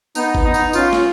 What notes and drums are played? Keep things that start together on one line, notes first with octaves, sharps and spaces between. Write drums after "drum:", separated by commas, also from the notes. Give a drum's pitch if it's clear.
B3 D#4, drum: tambourine
drum: kick G#1
B3 D#4
drum: tambourine
C#4 F4, drum: tambourine
drum: snare